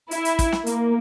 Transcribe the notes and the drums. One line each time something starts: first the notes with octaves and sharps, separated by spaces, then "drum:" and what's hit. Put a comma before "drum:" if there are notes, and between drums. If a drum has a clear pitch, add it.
E4, drum: hi-hat
drum: hi-hat
drum: kick, hi-hat
drum: snare
A#3, drum: hi-hat